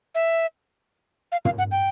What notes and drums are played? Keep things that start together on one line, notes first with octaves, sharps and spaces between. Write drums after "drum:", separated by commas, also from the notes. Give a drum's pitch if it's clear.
E5
F5
F5, drum: tom
F#5
G5